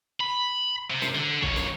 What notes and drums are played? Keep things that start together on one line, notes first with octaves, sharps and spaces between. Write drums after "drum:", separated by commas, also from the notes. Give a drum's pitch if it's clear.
B5
C3
drum: snare
D3
F2 C#5, drum: kick
drum: snare